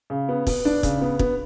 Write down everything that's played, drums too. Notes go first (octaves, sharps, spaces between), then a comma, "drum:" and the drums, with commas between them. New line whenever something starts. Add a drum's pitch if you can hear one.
C#3
B3
B3, drum: kick, open hi-hat
D4
C#3, drum: kick, hi-hat
B3
B3, drum: kick